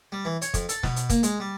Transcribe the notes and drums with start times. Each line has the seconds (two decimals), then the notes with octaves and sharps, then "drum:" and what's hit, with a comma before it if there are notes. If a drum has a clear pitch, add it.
0.12 G3
0.25 E3
0.42 C#5, drum: hi-hat
0.54 F2, drum: kick, hi-hat
0.69 A4, drum: hi-hat
0.83 B2, drum: snare
0.96 drum: hi-hat
1.10 A#3, drum: kick, hi-hat
1.23 G#3, drum: hi-hat
1.40 G3